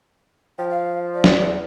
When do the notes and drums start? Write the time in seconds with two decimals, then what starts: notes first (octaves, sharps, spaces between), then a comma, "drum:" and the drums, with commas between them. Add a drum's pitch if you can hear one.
0.58 F3 G5
0.70 F5
1.14 D5
1.24 drum: snare
1.41 E2